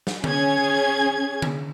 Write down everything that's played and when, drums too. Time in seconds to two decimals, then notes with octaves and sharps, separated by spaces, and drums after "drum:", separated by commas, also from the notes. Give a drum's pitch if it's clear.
0.07 drum: snare
0.24 C#4 G#4 G#6, drum: tom D3
1.42 drum: tom D3